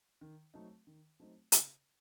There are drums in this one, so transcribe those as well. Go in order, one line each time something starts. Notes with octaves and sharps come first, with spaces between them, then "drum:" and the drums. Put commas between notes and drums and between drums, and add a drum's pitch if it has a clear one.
D#3
F#3 A3 C4 D#4
D#3
F#3 A3 C4 D#4
C#3, drum: hi-hat